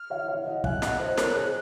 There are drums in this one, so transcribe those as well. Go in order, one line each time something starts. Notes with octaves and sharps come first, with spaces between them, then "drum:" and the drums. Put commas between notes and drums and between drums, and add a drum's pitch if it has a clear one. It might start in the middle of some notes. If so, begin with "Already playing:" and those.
Already playing: F6
C#5 F5
C#5 F5
D#5 F#5
F5 G#5 F#6, drum: kick
D#5 F#5, drum: snare
C5 D#5
A#4 C#5, drum: snare
G#4 C5